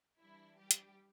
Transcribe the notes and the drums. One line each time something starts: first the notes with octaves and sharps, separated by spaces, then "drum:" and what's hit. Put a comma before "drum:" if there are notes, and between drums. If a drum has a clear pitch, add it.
E3 G3 D4 E4
G3 G4
drum: hi-hat